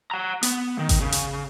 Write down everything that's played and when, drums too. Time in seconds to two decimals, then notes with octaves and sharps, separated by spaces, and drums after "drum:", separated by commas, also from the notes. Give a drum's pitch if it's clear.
0.11 F#5 A#5
0.43 B3, drum: hi-hat
0.79 D#3
0.89 drum: kick G#1, hi-hat
1.00 C#3
1.12 drum: hi-hat